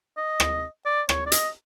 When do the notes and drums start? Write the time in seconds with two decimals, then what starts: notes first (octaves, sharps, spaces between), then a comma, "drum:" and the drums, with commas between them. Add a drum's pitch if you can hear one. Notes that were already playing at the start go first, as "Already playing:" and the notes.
0.17 D#5
0.40 drum: rim click
0.86 D5
1.09 C#5, drum: rim click
1.26 D5
1.32 D#5, drum: hi-hat